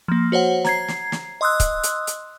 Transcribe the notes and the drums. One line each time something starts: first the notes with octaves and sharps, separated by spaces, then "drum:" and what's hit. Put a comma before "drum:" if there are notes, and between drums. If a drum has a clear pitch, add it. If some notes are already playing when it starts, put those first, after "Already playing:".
F3 A#3
F#4 C5 C#5 F#5
A#5 G#6 C7, drum: snare
drum: snare
drum: snare
D#5 C6 D#6 E6 F#6
drum: kick, hi-hat
drum: hi-hat
drum: hi-hat